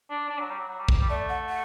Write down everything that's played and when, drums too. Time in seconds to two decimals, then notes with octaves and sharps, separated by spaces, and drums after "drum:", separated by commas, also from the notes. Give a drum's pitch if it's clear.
0.10 D4
0.29 D4
0.39 F#3
0.50 G3
0.59 F#3
0.69 F#3
0.79 G3
0.89 drum: kick
1.00 G3
1.09 A3 D5
1.29 F#5
1.50 F#5